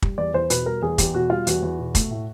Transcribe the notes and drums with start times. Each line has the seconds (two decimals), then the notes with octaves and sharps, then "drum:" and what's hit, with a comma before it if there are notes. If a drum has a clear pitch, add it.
0.02 G3, drum: kick
0.18 E2 D5
0.34 E2 C5
0.50 B2 B4, drum: hi-hat
0.66 G3 A#4
0.82 E2 G#4
0.98 E2 G4, drum: kick, hi-hat
1.14 B2 F#4
1.30 G3 F4
1.47 E2 F#4, drum: hi-hat
1.62 E2
1.79 B2
1.95 A3, drum: kick, hi-hat
2.11 A2